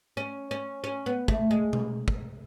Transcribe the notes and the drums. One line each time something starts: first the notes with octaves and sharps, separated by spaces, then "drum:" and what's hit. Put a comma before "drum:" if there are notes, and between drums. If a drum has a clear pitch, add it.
C#4
C#4
C#4
B3
A3, drum: kick
G#3
drum: tom B2
drum: kick